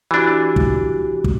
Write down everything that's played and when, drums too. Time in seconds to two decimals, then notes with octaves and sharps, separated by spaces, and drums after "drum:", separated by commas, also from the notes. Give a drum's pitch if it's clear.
0.11 E3 D4 F#4 G4
0.56 drum: kick
1.24 drum: kick